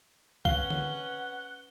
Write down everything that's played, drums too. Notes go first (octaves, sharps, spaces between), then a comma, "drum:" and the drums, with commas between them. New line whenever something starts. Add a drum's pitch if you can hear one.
C#4 B4 F5 F#5 G7, drum: kick
drum: tom D3